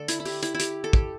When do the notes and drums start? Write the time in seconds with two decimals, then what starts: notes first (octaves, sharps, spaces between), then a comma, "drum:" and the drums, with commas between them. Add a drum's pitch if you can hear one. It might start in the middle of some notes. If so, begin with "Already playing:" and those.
Already playing: D3 A3 A4 D5
0.08 E4, drum: hi-hat
0.20 E4
0.25 G4, drum: open hi-hat
0.43 E4, drum: hi-hat
0.55 E4
0.60 G4, drum: hi-hat
0.84 A4
0.93 G4, drum: kick